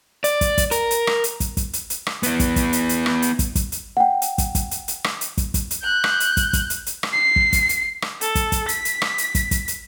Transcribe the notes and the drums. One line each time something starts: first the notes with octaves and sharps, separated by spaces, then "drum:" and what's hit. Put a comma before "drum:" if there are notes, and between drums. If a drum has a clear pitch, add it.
D5, drum: hi-hat
drum: kick, hi-hat
drum: kick, hi-hat
A#4, drum: hi-hat
drum: hi-hat
drum: rim click
drum: hi-hat
drum: kick, hi-hat
drum: kick, hi-hat
drum: hi-hat
drum: hi-hat
drum: rim click
B3 E4, drum: hi-hat
drum: kick, hi-hat
drum: kick, hi-hat
drum: hi-hat
drum: hi-hat
drum: rim click
drum: hi-hat
drum: kick, hi-hat
drum: kick, hi-hat
drum: hi-hat
F#5 G5
drum: hi-hat
drum: kick, hi-hat
drum: kick, hi-hat
drum: hi-hat
drum: hi-hat
drum: rim click
drum: hi-hat
drum: kick, hi-hat
drum: kick, hi-hat
drum: hi-hat
F#6 G6
drum: rim click
drum: hi-hat
drum: kick, hi-hat
drum: kick, hi-hat
drum: hi-hat
drum: hi-hat
drum: rim click
C7
drum: kick
drum: kick, hi-hat
drum: hi-hat
drum: rim click
A4, drum: hi-hat
drum: kick, hi-hat
drum: kick, hi-hat
B6, drum: hi-hat
drum: hi-hat
drum: rim click
drum: hi-hat
drum: kick, hi-hat
drum: kick, hi-hat
drum: hi-hat